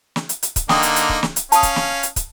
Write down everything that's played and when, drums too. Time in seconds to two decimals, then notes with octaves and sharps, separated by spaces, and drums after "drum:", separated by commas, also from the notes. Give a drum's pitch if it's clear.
0.16 drum: snare
0.29 drum: hi-hat
0.43 drum: hi-hat
0.56 drum: kick, hi-hat
0.69 D3 A#3 D#4 G5 D#6, drum: snare
0.83 drum: hi-hat
0.96 drum: hi-hat
1.09 drum: kick
1.23 drum: snare
1.36 drum: hi-hat
1.52 C#4 F5 A5 D#6, drum: hi-hat
1.63 drum: kick, hi-hat
1.76 drum: snare
2.03 drum: hi-hat
2.16 drum: kick, hi-hat